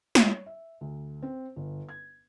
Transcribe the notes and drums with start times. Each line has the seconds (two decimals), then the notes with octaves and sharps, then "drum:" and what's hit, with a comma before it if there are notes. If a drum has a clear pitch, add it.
0.15 C#5, drum: snare
0.46 E5
0.81 D2
1.23 C4
1.56 G1
1.89 G#6